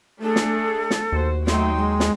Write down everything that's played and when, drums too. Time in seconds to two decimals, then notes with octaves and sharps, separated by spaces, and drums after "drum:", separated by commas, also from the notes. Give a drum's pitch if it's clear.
0.22 A3 D4 G#4 A4
0.36 drum: snare
0.91 drum: snare
1.12 D#2 F#4 C5
1.47 F#3 A3 D#4 G5 C6, drum: snare
1.77 G#3
2.00 drum: snare